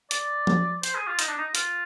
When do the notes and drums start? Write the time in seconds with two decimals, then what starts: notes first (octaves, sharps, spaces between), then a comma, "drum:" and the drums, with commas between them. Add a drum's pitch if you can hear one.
0.11 D5, drum: hi-hat
0.47 drum: tom F3
0.83 C5, drum: hi-hat
0.95 G#4
1.07 F4
1.19 D#4, drum: hi-hat
1.28 D4
1.37 D#4
1.55 F4, drum: hi-hat